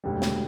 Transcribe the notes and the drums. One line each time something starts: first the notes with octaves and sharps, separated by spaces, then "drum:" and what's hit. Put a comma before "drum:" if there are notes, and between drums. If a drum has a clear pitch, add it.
E1 D2 D3 G3 G4
drum: snare